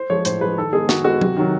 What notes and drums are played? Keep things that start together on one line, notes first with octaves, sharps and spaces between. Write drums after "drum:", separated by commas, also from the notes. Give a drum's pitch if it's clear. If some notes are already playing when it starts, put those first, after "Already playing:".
Already playing: C5
F3 G#3 C#5
A2 C5, drum: hi-hat
F3 G#3 B4
D#3 A4
G#3 B3 G#4
D#3 F#4, drum: snare
G#3 B3 F#4
C3, drum: tom F#3
D#3 F#3